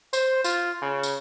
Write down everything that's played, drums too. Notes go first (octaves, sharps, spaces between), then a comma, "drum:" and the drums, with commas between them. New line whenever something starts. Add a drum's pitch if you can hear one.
C5, drum: tambourine
F4, drum: tambourine
C#3
drum: tambourine